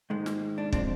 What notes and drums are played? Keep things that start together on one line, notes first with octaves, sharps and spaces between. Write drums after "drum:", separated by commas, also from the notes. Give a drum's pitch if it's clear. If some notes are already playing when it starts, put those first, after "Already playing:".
G#2 D#3 G#3
drum: snare
D4
F3 G#3 C4 D4, drum: kick